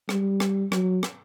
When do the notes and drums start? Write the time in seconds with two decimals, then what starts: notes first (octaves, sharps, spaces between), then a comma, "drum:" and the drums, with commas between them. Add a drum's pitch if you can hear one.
0.09 G3, drum: rim click
0.40 drum: rim click
0.72 F#3, drum: rim click
1.03 drum: rim click